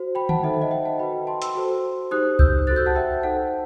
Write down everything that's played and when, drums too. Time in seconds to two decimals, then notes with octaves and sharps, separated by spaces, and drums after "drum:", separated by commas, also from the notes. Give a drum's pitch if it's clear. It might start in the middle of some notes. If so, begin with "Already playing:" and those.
Already playing: F#4 C5
0.15 G5 B5
0.29 F#5 A5, drum: tom D3
0.43 D#4 A4 C5 E5
0.53 E5
0.62 D#5 F#5
0.71 E5 G5
0.85 F#5 A5
0.99 F#4 B4 G5 B5
1.27 A5 C6
1.42 C6 E6, drum: hi-hat
1.55 F#4 A4 C5
2.11 D#4 G4 C5 D#6 F#6
2.39 E6 G6, drum: kick C2
2.67 F#4 A4 C5 F#6 A6
2.76 E6 G6
2.86 F#5 A5
2.95 E5 G5
3.23 D#4 A4 C5 F#5 A5